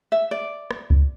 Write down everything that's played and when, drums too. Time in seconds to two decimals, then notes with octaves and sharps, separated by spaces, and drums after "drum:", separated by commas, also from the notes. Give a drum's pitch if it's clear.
0.12 E5
0.31 D5
0.71 drum: rim click
0.90 drum: kick C#2